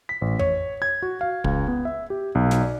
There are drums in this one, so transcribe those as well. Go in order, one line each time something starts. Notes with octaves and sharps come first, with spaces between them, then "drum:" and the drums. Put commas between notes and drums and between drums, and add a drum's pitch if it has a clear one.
B6
A1
C#5, drum: tom F2
G#6
F#4
F5
C#2, drum: kick
B3
E5
G4
B1
drum: snare
D5